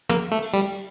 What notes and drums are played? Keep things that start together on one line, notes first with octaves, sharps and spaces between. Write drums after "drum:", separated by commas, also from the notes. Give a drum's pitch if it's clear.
A#3, drum: tom
A3
drum: open hi-hat
G3